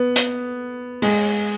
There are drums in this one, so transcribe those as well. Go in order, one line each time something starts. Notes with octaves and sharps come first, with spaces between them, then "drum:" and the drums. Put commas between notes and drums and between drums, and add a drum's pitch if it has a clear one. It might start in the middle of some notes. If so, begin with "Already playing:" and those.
Already playing: B3
drum: hi-hat
G#3, drum: open hi-hat